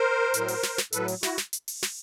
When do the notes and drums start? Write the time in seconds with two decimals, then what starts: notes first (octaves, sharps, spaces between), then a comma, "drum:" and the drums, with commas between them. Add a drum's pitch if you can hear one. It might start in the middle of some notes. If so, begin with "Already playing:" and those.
Already playing: A#4 C5
0.34 A2 F#3, drum: hi-hat
0.48 drum: open hi-hat
0.63 drum: snare
0.78 drum: snare
0.92 A2 F#3 A4 B4, drum: hi-hat
1.08 drum: open hi-hat
1.23 E4 F#4, drum: snare
1.38 drum: snare
1.53 drum: hi-hat
1.68 drum: open hi-hat
1.83 drum: snare